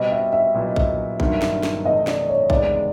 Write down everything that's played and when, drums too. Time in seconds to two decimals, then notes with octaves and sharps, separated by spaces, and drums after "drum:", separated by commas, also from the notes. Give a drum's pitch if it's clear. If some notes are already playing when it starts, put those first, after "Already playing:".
Already playing: B2 G3 C4 D#5
0.11 E5
0.33 E5
0.55 A#1 A#2 F#3 B3 E4
0.76 drum: kick A#1
1.20 G1 G2 D#3 F#3 A#3, drum: kick A#1
1.42 drum: snare
1.63 drum: snare
1.85 C3 E3 A3 D#5
2.07 D5, drum: snare
2.29 C#5
2.50 F#1 E2 C3 D#3 G#3 D5, drum: kick A#1